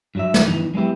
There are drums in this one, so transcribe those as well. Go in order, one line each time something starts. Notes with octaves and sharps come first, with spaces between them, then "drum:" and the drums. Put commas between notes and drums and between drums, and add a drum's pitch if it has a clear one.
G2 F#3 E5
drum: snare
E2 G2 D#3 E3 D#4
F#3 G#3 B3 E4 G4